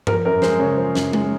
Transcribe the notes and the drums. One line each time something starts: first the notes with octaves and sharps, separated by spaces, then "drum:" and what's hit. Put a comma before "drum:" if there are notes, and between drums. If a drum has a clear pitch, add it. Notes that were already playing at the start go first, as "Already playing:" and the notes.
F3 A#4, drum: tom G2
F#2 A#4
G#3 C5, drum: snare
C#3 C#5
F3
F#2, drum: snare
G#3, drum: tom G#3